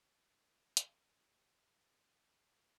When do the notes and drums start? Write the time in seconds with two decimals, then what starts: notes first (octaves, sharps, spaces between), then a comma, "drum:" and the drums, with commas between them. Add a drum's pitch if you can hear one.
0.17 E4
0.47 A3
0.77 G4, drum: hi-hat
1.07 A3
1.37 G4
1.67 A3
1.98 E3
2.28 A3
2.58 A2